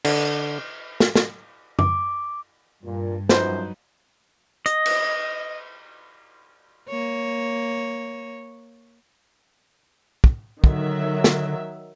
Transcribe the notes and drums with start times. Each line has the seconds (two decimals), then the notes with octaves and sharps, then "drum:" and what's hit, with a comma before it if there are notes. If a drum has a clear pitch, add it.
0.05 D3, drum: cymbal
1.00 drum: snare
1.15 drum: snare
1.79 D6, drum: tom F#2
2.85 G2 A#2
3.29 F#2 F3 F#3 D#4 B4 C5, drum: snare
4.66 D#5, drum: hi-hat
4.86 drum: cymbal
6.89 A#3 C#5
10.24 drum: kick
10.64 D3 D#3 F#3 E5, drum: kick
11.24 drum: snare